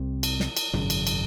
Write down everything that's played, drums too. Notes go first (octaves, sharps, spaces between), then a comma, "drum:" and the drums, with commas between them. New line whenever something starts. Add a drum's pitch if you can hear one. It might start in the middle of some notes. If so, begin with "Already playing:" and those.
Already playing: C2 C3
drum: cymbal
drum: snare
drum: cymbal
G#1 F#2 C#3, drum: tom
drum: cymbal
drum: cymbal